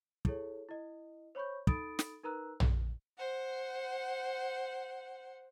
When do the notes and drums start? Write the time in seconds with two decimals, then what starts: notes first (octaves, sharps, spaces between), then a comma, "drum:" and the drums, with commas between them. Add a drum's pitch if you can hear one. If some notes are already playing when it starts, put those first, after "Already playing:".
0.25 E4 G#4 A4 C#5, drum: kick
0.69 E4 D#5
1.35 C5 C#5 B5 C#6 G6
1.67 D#4 A4 B5 D#6 A6 D7, drum: kick
1.99 drum: snare
2.24 D#4 A#4 B4 A#5 E6 F#6
2.60 drum: tom A#1
3.18 C5 F#5